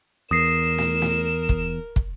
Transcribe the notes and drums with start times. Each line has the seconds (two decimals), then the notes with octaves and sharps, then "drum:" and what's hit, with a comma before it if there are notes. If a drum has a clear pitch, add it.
0.31 E2 A#4 D#6 A#6 C7 E7
0.78 drum: snare
1.02 drum: snare
1.49 drum: kick
1.96 drum: kick